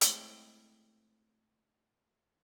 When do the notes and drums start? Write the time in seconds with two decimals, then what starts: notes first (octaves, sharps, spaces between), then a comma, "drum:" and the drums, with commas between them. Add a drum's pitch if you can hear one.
0.01 G#3 A3 C4 E4 A4 C#5, drum: hi-hat